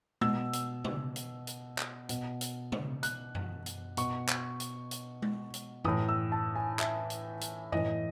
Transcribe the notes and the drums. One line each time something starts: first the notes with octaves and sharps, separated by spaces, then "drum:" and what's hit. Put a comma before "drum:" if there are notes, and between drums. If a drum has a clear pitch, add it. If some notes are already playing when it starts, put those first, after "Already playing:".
B2 E6, drum: tom G#3
drum: hi-hat
drum: tom
drum: hi-hat
drum: hi-hat
drum: clap
B2, drum: hi-hat
drum: hi-hat
drum: tom
F#6, drum: hi-hat
drum: tom F#2
drum: hi-hat
B2 C#6, drum: hi-hat
drum: clap
drum: hi-hat
drum: hi-hat
drum: tom G#3
drum: hi-hat
A2 E3 D#6, drum: tom F#2
E6
A5
G#5
E5, drum: clap
drum: hi-hat
drum: hi-hat
A2 E3 D#5, drum: tom F#2